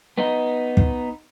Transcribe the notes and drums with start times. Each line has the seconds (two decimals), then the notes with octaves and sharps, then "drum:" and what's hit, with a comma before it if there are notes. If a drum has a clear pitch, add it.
0.18 B3 D#4
0.77 drum: kick